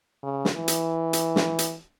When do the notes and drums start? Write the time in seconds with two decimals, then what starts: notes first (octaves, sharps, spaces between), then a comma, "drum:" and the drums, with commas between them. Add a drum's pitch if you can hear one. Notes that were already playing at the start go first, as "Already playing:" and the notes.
0.23 C#3
0.45 drum: snare
0.56 E3
0.68 drum: hi-hat
1.13 drum: hi-hat
1.36 drum: snare
1.59 drum: hi-hat